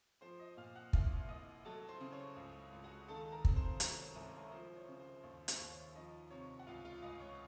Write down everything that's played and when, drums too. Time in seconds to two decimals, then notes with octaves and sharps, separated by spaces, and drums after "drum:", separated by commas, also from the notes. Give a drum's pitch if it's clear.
0.21 F3 C5 C6
0.39 D#5 D#6
0.57 A#2 F5 F6
0.75 F#5 F#6
0.93 C2 F5 F6, drum: kick
1.29 C2 D#5 D#6
1.65 F#3 A4 A5
1.89 C5 C6
2.01 C#3
2.12 C#5
2.36 C#2
2.73 C#2
2.84 F#4 F#5
3.08 D#3 A4 A5
3.32 A#4 A#5
3.45 C3, drum: kick
3.56 C5 C6
3.80 F#3 A#4 A#5, drum: hi-hat
3.98 C#5
4.16 C2 C#5
4.34 C#5
4.52 F3 C5
4.76 C#5
4.88 C#3
4.99 C5
5.23 D#2
5.48 C5, drum: hi-hat
5.59 D#2
5.72 C#5
5.95 F3 D#4 D#5
6.30 C3 C#5
6.59 F#5
6.67 C#2 F4 F5
6.85 F4 F5
7.02 C#2 D#5 D#6
7.20 C#5 C#6